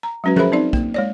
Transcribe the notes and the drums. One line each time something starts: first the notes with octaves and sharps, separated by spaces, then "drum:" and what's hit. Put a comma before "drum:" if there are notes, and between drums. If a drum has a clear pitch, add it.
A#5
F#3 G#3 C#4 F#4 B4
C#4 G#4 A#4 C5 E5 B5, drum: tom F3
C4 D#4 D5
A#3, drum: kick
G#3 C#5 D5